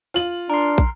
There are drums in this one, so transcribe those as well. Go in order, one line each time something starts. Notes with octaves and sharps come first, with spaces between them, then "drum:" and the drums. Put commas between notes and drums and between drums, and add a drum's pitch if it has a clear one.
F4 F#7
D4 A#4 C6
drum: kick